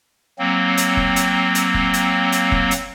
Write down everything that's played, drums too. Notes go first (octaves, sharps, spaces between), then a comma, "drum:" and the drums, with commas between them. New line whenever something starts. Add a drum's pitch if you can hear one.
F#3 A#3 C4
drum: hi-hat
drum: kick
drum: hi-hat
drum: hi-hat
drum: kick
drum: hi-hat
drum: hi-hat
drum: kick
drum: hi-hat